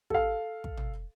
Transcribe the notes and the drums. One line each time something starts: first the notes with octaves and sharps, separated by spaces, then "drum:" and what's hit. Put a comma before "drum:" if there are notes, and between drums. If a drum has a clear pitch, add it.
A4 F5, drum: kick
drum: kick
drum: tom